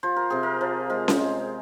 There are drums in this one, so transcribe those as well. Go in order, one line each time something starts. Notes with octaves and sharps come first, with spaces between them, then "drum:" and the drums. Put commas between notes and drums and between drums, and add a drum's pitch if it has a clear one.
F3 C5
A#4
C3 G#4
A#4
F3
G#3 A#4
drum: snare C#4
G#3